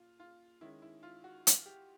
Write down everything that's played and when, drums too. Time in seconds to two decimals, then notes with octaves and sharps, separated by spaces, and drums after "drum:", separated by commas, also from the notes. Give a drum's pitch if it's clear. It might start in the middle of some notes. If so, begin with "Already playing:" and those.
Already playing: A#2 F4
0.20 F4
0.61 D#3 G#3 C#4 E4
0.82 E4
1.03 F4
1.24 F#4
1.47 drum: hi-hat
1.66 G4